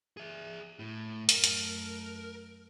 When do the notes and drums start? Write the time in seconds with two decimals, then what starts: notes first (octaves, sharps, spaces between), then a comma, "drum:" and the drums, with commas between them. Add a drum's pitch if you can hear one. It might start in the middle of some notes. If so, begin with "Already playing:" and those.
0.17 G#4 E5
0.79 A2
1.29 F#2 A3 A#4, drum: hi-hat
1.44 drum: hi-hat